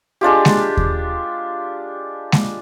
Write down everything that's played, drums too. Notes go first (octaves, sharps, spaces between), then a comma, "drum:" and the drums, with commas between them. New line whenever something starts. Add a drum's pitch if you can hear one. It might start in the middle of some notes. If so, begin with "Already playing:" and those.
G#3 D4 F4 G4
drum: snare G#3
drum: kick D#2
drum: snare G#3